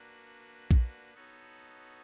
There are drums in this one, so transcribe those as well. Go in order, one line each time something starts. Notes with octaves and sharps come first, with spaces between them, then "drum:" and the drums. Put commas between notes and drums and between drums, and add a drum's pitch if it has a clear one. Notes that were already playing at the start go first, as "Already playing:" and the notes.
Already playing: A#3 D4 F#4 B4
drum: kick A#1
B3 D#4 F#4 A4 C#5